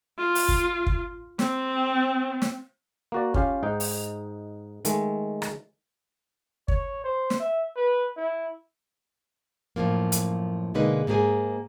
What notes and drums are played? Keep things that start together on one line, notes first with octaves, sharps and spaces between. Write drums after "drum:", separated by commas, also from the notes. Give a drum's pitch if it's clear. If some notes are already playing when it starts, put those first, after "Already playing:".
F4
drum: open hi-hat
drum: kick
drum: kick
C4, drum: snare
drum: snare
A#3 F#4 D5
C#4 F4 G4 F5, drum: kick
G#2 D#4 G5
drum: open hi-hat
D#3 G#3 A3, drum: hi-hat
drum: rim click
C#5, drum: kick
C5
drum: snare
E5
B4
E4
F#2 A2 C3 F3 A#3
drum: hi-hat
B2 D3 G#3 A#3 D#4 B4
G#2 A#3 B3 G4 G#4 G#5